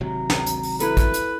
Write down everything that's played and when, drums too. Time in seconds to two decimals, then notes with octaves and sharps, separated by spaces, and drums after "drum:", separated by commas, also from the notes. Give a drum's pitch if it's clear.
0.01 G#1 C3 F#3 A#5
0.30 drum: snare
0.46 drum: hi-hat
0.63 drum: open hi-hat
0.80 E4 A4 B4, drum: hi-hat
0.97 drum: kick, hi-hat
1.14 drum: hi-hat